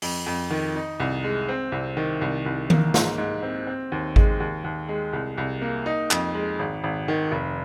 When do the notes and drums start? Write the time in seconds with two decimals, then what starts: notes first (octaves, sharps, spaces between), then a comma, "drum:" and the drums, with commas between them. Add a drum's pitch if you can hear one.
0.02 F2, drum: open hi-hat
0.26 F2
0.50 D#3
0.76 D#4
1.00 C2
1.24 G#3
1.49 C4
1.72 C2
1.97 D#3
2.21 C2
2.46 C2
2.70 A#3, drum: tom D#3
2.94 G#2, drum: snare
3.18 G#2
3.43 C4
3.67 C4
3.92 D#2
4.16 G#3, drum: kick G#1
4.40 D#2
4.64 D#2
4.89 G#3
5.13 C2
5.38 C2
5.62 A#3
5.86 D#4
6.11 F2, drum: clap
6.34 G#3
6.59 G#1
6.84 G#1
7.08 D#3
7.32 F1